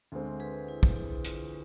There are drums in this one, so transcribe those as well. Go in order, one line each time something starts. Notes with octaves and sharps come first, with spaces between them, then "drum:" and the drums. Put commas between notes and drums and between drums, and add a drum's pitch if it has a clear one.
D2 D3 G#3 C4
G#4 B4
E4
drum: kick
E4
F4, drum: hi-hat